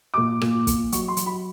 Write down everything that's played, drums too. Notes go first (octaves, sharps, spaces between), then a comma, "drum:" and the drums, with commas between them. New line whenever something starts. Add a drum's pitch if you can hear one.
A#2 D6
A#2, drum: rim click
A#2, drum: kick, hi-hat
F#3 C#6, drum: hi-hat
C6
F#3, drum: hi-hat
B5